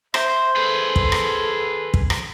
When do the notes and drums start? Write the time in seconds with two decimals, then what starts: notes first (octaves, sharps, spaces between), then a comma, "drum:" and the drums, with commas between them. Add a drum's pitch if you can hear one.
0.14 C5 E5, drum: rim click
0.56 G#4 A4 B4
0.96 drum: kick
1.12 drum: rim click
1.94 drum: kick
2.10 drum: rim click